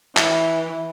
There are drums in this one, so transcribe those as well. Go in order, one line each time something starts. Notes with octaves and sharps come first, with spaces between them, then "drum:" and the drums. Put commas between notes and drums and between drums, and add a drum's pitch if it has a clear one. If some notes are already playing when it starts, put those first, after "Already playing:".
E3, drum: clap